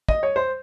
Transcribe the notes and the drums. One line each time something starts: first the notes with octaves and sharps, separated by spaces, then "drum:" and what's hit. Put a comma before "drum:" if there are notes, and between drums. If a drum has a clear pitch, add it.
D#5, drum: kick
C#5
C5